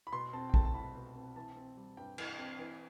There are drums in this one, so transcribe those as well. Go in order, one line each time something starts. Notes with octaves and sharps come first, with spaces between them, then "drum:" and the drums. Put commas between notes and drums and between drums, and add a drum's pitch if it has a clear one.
B5
B2 C6
C4 A5
G5
A3 A5, drum: kick A#1
A5
C2 B5
B2
C4
E3 A5
C4
G3
G2 G5
E3, drum: cymbal
C4
E3